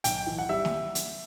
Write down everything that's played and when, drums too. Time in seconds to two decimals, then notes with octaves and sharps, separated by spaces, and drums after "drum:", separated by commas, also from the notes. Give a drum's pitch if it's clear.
0.04 B1 G5, drum: hi-hat
0.27 E3
0.38 F#5
0.49 G3 E5
0.65 drum: snare
0.95 drum: hi-hat